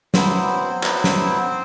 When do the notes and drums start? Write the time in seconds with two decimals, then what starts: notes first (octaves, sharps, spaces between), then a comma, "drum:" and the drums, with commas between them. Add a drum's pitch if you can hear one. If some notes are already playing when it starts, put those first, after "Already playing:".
0.14 F#3 B3 C4 E4 C5, drum: snare
0.83 F#3 B3 E4, drum: clap
1.04 drum: snare